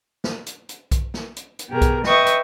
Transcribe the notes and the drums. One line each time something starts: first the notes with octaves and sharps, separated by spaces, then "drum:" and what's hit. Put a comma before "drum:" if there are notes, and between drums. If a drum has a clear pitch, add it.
drum: snare
drum: hi-hat
drum: hi-hat
drum: kick B1, hi-hat
drum: snare
drum: hi-hat
drum: hi-hat
B2 G4 G#4 A#4
drum: kick B1, hi-hat
B4 D#5 E5 G5 C#6 D#6, drum: snare
drum: hi-hat